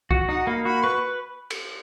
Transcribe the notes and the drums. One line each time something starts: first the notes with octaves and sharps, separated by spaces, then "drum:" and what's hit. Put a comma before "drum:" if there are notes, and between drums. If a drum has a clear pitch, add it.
F#4, drum: kick C2
D#4 F#5
A#3 B5
F#4 B5
B4 C#6
drum: cymbal